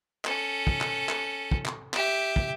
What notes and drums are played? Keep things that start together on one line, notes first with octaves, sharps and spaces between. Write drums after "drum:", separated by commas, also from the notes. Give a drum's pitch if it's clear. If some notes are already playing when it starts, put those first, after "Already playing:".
C#4 A4, drum: clap
drum: kick
drum: clap
drum: clap
drum: kick
drum: clap
G4 E5, drum: clap
drum: kick